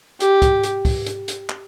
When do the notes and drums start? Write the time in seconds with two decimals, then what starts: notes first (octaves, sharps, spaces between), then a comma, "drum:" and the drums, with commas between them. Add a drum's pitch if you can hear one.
0.20 G4, drum: hi-hat
0.42 drum: kick, hi-hat
0.63 drum: hi-hat
0.85 drum: kick, open hi-hat
1.06 drum: hi-hat
1.28 drum: hi-hat
1.49 drum: clap